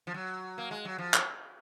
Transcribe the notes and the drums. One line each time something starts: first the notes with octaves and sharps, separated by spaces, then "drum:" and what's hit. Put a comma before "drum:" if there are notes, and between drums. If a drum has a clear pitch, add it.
F3
F#3
A#3
G#3
F#3
F3
drum: clap